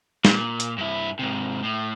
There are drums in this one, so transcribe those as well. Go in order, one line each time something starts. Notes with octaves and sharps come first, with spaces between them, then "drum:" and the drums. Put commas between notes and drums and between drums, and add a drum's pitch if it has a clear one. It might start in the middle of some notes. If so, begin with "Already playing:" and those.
A#2, drum: snare
drum: hi-hat
G2 E4
G#2 C3
A2